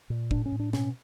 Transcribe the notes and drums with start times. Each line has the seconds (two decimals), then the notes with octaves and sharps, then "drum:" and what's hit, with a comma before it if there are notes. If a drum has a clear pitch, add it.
0.10 A#2
0.31 A2 D4, drum: kick
0.46 C#4
0.52 A2
0.60 D4
0.73 B2 C#4, drum: snare